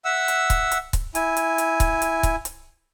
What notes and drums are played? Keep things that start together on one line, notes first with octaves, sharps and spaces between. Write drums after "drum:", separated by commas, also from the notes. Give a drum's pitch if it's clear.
E5 F#5 E6
drum: hi-hat
drum: kick C#1, hi-hat
drum: hi-hat
drum: kick C#1, hi-hat
E4 G#5, drum: hi-hat
drum: hi-hat
drum: hi-hat
drum: kick C#1, hi-hat
drum: hi-hat
drum: kick C#1, hi-hat
drum: hi-hat